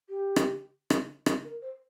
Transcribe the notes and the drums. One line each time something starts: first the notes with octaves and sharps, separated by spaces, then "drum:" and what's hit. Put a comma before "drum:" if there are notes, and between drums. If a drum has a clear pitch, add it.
G4
drum: rim click
drum: rim click
drum: rim click
A#4
C5